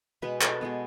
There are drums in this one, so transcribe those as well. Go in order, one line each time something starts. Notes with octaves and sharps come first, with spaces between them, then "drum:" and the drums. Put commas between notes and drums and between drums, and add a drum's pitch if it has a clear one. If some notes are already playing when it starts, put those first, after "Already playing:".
B2 G#3 B3 B4
A4, drum: clap
B2 G#3 B3